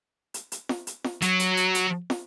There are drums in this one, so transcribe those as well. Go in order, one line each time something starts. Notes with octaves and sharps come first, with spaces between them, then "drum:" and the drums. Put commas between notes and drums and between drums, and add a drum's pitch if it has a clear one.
drum: hi-hat
drum: hi-hat
drum: snare
drum: hi-hat
drum: snare
F#3, drum: hi-hat
drum: hi-hat
drum: hi-hat
drum: hi-hat
drum: snare